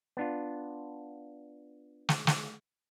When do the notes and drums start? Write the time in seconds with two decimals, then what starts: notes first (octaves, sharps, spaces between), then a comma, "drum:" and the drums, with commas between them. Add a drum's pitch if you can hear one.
0.17 B3 D4 F4
2.09 drum: snare
2.27 drum: snare